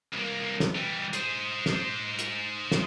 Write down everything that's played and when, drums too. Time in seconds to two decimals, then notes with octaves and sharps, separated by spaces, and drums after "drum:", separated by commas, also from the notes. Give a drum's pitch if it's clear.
0.12 C2 A#3
0.60 drum: snare
0.75 E3 G3
1.13 G#4 C5, drum: hi-hat
1.66 drum: snare
2.19 drum: hi-hat
2.72 drum: snare